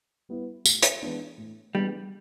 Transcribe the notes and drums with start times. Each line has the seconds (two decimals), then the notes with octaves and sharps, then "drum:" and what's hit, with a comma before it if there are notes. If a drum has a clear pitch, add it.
0.29 G3 B3 E4
0.66 A2, drum: tambourine
0.82 drum: hi-hat
1.02 E3 G#3 B3 D4
1.38 A2
1.74 E3 G3 G#3 B3 D4